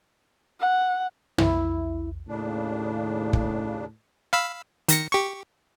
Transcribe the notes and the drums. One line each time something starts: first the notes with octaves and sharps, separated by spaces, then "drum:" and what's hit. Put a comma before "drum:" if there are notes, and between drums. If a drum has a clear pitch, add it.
F#5
E4, drum: tom
D#2 A2 C#3 D4
drum: kick
F5 B5 E6
D#3 A#6 C#7, drum: hi-hat
G4 C#6